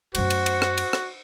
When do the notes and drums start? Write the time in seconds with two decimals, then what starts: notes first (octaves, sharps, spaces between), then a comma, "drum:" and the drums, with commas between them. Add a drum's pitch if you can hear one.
0.15 F#2 A3 F#4 C5 F#5, drum: cymbal
0.30 drum: cymbal
0.46 drum: cymbal
0.62 drum: rim click
0.78 drum: cymbal
0.93 drum: rim click